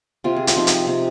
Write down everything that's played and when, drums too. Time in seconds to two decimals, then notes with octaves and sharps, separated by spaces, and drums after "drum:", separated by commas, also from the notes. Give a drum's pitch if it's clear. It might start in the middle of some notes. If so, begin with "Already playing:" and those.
0.24 C3 F4
0.36 G#4
0.47 F4, drum: hi-hat
0.56 F3 C4 D#4
0.67 drum: hi-hat
0.87 C3